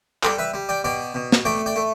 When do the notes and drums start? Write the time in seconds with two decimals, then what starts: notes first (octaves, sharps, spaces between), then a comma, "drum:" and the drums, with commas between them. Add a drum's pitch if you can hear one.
0.23 G3 A4 D5, drum: clap
0.38 B4 E5
0.54 G3
0.69 D5 G5
0.84 B2 D5 G5
1.15 B2
1.32 drum: snare
1.45 A3 D5 G5
1.66 D5 G5
1.76 A3